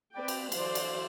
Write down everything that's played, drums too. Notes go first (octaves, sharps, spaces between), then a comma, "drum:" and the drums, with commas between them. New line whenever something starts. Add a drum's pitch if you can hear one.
C4 B4 D5 G5
drum: cymbal
D3 E3 F#3 C5 D5 C6, drum: cymbal
drum: cymbal